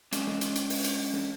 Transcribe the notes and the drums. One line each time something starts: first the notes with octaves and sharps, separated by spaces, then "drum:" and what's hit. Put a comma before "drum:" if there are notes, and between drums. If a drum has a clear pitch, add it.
G#3 C#4 D4 D#5, drum: hi-hat
drum: snare
drum: hi-hat
drum: hi-hat
drum: open hi-hat
drum: hi-hat
drum: snare